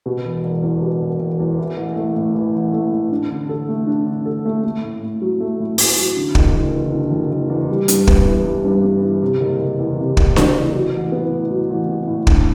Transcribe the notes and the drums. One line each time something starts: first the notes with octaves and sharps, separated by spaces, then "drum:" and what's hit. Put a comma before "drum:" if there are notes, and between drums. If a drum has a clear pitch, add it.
B2
E1
E1
E2
B2
E1
E1
E2
E3
A1
A3
A2
E3
A1
A3
A2
D4
D3
A4
A3
D4
D3
A4
A3
A3
A2
A2
F#3
A3
A2
A2, drum: open hi-hat
F#3
D3
F#1, drum: kick
F#1
E2
D3
F#1
F#1
E2
G3
G2, drum: hi-hat
B3, drum: kick
E3
G3
G2
B3
E3
C3
F#1
F#1
E2
C3
F#1, drum: kick
F#1, drum: snare D4
E2
F#3
A1
B3
A2
F#3
A1
B3
A2
D3, drum: kick